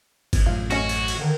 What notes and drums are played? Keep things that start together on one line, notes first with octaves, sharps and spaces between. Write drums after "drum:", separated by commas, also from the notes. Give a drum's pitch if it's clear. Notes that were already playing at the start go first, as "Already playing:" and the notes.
drum: kick, cymbal
A1 F#2 F4
A3 C#4 F#4 D#5, drum: cymbal
drum: cymbal
drum: cymbal
D3 D#3